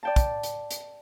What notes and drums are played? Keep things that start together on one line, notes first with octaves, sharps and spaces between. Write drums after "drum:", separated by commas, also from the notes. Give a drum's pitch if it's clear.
D5 G5 A5
drum: kick, hi-hat
drum: hi-hat
drum: hi-hat